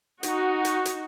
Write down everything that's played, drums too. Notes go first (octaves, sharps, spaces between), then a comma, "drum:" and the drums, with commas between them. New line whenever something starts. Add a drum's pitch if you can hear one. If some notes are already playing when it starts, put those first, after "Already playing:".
D#4 F#4, drum: hi-hat
drum: hi-hat
drum: hi-hat